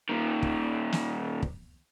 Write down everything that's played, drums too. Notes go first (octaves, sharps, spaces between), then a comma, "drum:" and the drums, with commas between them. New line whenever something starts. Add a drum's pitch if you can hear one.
A#2 D#3
drum: kick
drum: snare
drum: kick